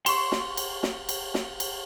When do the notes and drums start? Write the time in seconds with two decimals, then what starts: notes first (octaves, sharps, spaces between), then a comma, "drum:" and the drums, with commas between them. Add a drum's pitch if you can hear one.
0.06 C6 C#6 E7, drum: cymbal
0.32 drum: snare
0.57 drum: cymbal
0.83 drum: snare
1.09 drum: cymbal
1.34 drum: snare
1.60 drum: cymbal